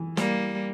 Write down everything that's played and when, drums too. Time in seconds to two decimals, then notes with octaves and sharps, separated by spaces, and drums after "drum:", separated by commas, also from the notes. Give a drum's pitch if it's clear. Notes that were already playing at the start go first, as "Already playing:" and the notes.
Already playing: E3
0.17 G3 A#3, drum: snare